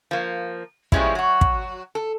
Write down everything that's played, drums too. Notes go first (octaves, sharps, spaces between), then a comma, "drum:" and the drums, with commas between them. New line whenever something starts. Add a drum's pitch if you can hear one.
F3 A#3
B2 F3 G3 G#3 C#4 E4, drum: kick
F#3 F#4
drum: kick
A4